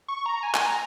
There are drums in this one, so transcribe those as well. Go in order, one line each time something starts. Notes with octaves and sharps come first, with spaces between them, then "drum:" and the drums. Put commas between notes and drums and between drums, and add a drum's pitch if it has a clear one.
C#6
A#5
A#5
G#5
G#5, drum: clap
A#5